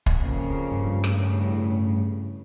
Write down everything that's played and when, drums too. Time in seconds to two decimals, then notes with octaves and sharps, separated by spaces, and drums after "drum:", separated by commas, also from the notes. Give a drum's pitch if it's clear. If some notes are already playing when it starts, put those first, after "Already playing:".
0.06 drum: kick
0.16 F2 C#3 A#3
0.71 G2
1.04 A2 C#3, drum: rim click